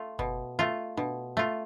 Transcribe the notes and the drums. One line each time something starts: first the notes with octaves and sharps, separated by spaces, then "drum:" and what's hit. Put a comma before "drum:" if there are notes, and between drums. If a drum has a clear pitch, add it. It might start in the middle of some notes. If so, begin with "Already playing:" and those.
Already playing: A3 F4
B2, drum: kick F#1
A3 F4
B2, drum: tom D4
A3 F4